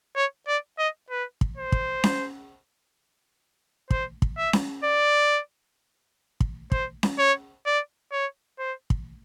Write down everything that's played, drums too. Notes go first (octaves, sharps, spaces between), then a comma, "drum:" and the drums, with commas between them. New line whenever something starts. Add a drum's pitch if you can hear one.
C#5
D5
D#5
B4
drum: kick
C5
drum: kick
drum: snare C#4
C5, drum: kick
drum: kick
E5
drum: snare C#4
D5
drum: kick
C5, drum: kick
drum: snare C#4
C#5
D5
C#5
C5
drum: kick